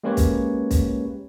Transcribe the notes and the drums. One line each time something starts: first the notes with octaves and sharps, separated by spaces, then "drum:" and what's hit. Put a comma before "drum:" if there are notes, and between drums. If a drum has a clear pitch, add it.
G#3 A#3 C#4 G4 B4 C#5
drum: kick, hi-hat
drum: kick, hi-hat